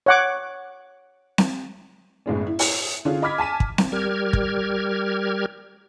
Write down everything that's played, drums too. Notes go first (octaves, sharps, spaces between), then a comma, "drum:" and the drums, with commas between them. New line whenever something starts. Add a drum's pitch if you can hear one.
C#5 F#5 D6
drum: snare C4
G1 A2 G#3 C#4
E4
drum: open hi-hat
D3 C#4 F4 G#4
D#5 B5 D6 F6 G#6 B6
G#5 A5 B6 D#7
drum: kick
drum: snare C4
G3 G4 A#4 F6 G#6
drum: kick